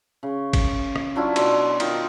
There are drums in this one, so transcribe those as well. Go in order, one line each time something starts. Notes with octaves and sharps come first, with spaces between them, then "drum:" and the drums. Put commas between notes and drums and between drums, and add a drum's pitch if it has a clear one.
C#3
drum: kick, cymbal
drum: rim click
F#3 D4 E4 F4
B2 F#3 D5 C6, drum: cymbal
D#3 D#4 F4, drum: cymbal